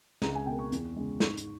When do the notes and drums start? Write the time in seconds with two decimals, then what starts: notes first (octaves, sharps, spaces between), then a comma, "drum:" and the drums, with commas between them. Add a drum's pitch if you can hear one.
0.22 C#2 A#5, drum: snare
0.35 G#5
0.46 B2 A#3 G5
0.59 C#6
0.72 E2, drum: hi-hat
0.96 C#3 G#3
1.20 G#2 C#6, drum: snare
1.37 drum: hi-hat